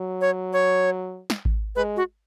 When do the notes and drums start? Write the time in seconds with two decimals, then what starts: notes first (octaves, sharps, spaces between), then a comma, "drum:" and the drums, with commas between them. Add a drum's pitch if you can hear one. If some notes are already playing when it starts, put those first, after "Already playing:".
Already playing: F#3
0.21 C#5
0.53 C#5
1.30 drum: snare
1.45 drum: kick G#1
1.76 G#3 B4
1.97 F#4